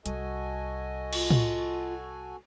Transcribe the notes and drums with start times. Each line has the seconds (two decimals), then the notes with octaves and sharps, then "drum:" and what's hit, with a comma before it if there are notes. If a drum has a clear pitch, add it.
0.06 C2 F#4 A4 D#5 G#5, drum: hi-hat
1.13 F4, drum: cymbal
1.31 drum: tom